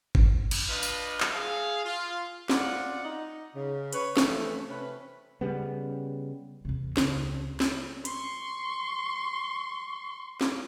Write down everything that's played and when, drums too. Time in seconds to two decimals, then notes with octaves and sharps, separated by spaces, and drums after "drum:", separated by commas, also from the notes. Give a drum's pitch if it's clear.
0.15 drum: kick G#1
0.51 drum: cymbal
0.69 D4 F4 B4 D#5
0.83 drum: tambourine
1.20 drum: clap
1.34 G#4 F5
1.85 F4
2.50 F4 D5 F#5, drum: snare
3.04 D#4
3.54 C#3
3.93 B4 C#5, drum: hi-hat
4.17 E3 F3 A3, drum: snare
4.67 C3 C#4 B4
5.41 C#3 G3 B3
6.65 E2 C3
6.97 C#2, drum: snare
7.60 drum: snare
8.05 C6 C#6, drum: hi-hat
10.41 drum: snare